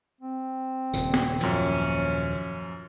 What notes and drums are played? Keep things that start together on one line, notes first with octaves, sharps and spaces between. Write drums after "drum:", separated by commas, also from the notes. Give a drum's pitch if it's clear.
C4
D#1 A#2 C#3, drum: tambourine
drum: snare
F#2 F3 C#4, drum: hi-hat